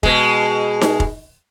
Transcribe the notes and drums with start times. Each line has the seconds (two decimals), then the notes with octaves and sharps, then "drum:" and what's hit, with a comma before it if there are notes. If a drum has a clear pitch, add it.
0.03 B2 G#3, drum: kick F1
0.81 drum: snare D#4
1.00 drum: kick F1